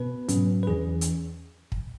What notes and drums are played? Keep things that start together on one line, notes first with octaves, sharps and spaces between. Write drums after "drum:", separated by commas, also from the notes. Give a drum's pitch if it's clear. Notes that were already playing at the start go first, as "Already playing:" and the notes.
Already playing: B2 B3 B4
G#2 F#3 C#4, drum: hi-hat
B4
E2 E3 C#4 G#4
drum: hi-hat
drum: kick